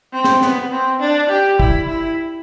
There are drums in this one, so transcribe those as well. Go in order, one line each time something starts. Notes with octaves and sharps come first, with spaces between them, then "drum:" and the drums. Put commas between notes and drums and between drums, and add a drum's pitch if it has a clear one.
C4
drum: snare
B3, drum: snare
C4
D4
G4
E4, drum: kick
E4